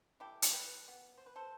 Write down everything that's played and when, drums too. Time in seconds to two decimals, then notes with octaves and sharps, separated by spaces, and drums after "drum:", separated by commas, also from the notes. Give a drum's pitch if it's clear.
0.20 E3 A3 E4 G4
0.42 drum: hi-hat
0.52 G4 B4
0.85 E3 B3
1.17 C5
1.26 B4
1.36 A4 C5